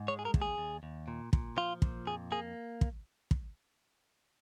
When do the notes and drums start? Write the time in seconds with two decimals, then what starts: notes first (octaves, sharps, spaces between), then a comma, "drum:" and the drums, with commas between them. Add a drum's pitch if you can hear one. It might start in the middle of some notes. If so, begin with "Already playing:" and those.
Already playing: G#2
0.08 G#3 C#5
0.19 G#4
0.25 A#4
0.34 D#2, drum: kick
0.42 G#4
0.58 D#2
0.83 D#2
1.08 A#2
1.33 A#2, drum: kick
1.57 F3 F4
1.82 A#2, drum: kick
2.07 F2 G#4
2.32 A#3 G#4
2.81 drum: kick
3.31 drum: kick